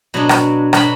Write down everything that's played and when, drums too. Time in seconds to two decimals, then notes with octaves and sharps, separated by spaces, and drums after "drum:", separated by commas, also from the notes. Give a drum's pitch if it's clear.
0.14 B2 F#3 B3 D4
0.29 drum: rim click
0.73 B2 F#3 B3 D4 B5, drum: rim click